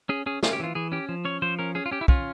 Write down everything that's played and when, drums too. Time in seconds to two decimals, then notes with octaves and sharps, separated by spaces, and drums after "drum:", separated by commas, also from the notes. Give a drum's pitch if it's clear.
0.09 C#4 G#4
0.26 C#4 G#4
0.43 C#4 F4, drum: snare
0.53 G4
0.60 E3 F4
0.75 E3 G#4
0.92 C#4 G4
1.09 F3
1.25 C#4 C#5
1.42 F3 C5
1.59 C#4 A#4
1.75 C#4 G#4
1.86 F4
1.91 C#4 G4
2.01 E4
2.08 C#4 F4, drum: kick